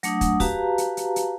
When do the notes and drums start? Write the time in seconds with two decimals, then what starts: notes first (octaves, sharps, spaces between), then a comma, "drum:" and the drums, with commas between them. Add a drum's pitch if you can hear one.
0.03 F#3 A3 D4 F#5 D#6, drum: hi-hat
0.21 drum: kick, hi-hat
0.40 F#4 G4 B4 F5 A5 A#5, drum: kick, open hi-hat
0.78 drum: hi-hat
0.97 drum: hi-hat
1.16 drum: hi-hat